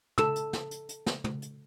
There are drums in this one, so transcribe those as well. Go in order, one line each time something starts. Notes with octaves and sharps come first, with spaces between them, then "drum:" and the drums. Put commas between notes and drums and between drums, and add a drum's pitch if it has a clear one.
A4 E6, drum: tom
drum: hi-hat
drum: snare
drum: hi-hat
drum: hi-hat
drum: snare
drum: tom
drum: hi-hat